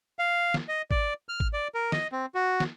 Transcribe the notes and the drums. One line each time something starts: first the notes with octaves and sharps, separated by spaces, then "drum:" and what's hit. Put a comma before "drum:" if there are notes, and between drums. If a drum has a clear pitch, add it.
F5
drum: snare
D#5
D5, drum: kick
F6
drum: kick
D5
A#4
D#5, drum: snare
C4
F#4
drum: snare